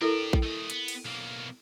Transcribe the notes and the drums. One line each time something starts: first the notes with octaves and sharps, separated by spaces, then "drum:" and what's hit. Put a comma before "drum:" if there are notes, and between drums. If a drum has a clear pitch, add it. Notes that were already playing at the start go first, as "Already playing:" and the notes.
D4 E4 G4 A4 A#4
drum: kick A#1
A3 D#5
B3, drum: hi-hat
drum: cymbal
B1 A#3